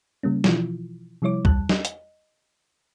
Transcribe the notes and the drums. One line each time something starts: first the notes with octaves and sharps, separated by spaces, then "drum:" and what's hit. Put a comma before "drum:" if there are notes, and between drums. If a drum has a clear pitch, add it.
C#3 G3 A#3 C#4
B2 E3 F3 E4 F4, drum: snare
C3 F3 G3 E4 C#5 D6
E2 G3 A5 F#6, drum: kick C2
D#5, drum: snare
drum: hi-hat